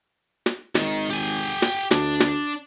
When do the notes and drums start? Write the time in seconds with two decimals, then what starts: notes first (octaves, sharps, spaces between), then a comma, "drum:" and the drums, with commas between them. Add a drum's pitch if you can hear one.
0.46 drum: snare
0.75 G#1 D#3, drum: snare
1.10 G4 G#5
1.62 drum: snare
1.91 D2 D4, drum: snare
2.20 drum: snare